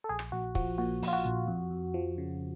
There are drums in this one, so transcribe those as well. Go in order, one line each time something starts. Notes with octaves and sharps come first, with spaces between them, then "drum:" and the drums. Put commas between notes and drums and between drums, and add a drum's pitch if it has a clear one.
A4
A#1 G#4
drum: rim click
A#1 F#4
F3 F#4, drum: kick
A#2 F#4
A#1, drum: open hi-hat
F4
F#4
A#1
F2
F2
F3
C#3